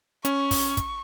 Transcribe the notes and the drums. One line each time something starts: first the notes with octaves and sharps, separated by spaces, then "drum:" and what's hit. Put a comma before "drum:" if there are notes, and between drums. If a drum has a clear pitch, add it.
C#4 C#6, drum: hi-hat
drum: kick, open hi-hat
drum: kick, hi-hat